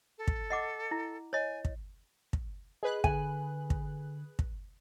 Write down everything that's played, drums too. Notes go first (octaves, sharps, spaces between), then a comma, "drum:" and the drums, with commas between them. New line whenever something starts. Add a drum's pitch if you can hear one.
A4
drum: kick
D#5 F#5 D6
E4
C#5 D#5 G#5
drum: kick
drum: kick
G#4 B4 D#5 F#6
D3 G#5, drum: kick
drum: kick
drum: kick